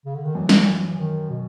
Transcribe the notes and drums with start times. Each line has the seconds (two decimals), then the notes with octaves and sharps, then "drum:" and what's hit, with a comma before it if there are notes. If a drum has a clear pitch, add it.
0.05 C#3
0.15 D3
0.25 D#3
0.35 F#2 E3
0.49 drum: snare
0.66 E3
0.98 D#3
1.30 B2